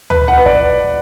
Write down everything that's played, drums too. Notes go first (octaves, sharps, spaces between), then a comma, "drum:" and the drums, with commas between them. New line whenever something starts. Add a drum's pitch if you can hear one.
B4, drum: tom D2
F#5
B4
D5, drum: kick